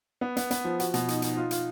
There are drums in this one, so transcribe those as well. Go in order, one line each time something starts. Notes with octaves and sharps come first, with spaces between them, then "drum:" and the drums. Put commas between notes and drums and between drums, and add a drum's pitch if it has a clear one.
B3
B3, drum: hi-hat
B3, drum: hi-hat
F3
F#4, drum: hi-hat
B2, drum: hi-hat
D#4, drum: hi-hat
D#4, drum: hi-hat
F4
F4, drum: hi-hat